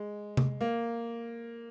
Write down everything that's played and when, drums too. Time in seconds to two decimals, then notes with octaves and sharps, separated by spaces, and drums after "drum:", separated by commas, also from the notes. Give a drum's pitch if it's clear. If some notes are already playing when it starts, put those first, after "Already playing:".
Already playing: G#3
0.37 drum: tom C3
0.61 A#3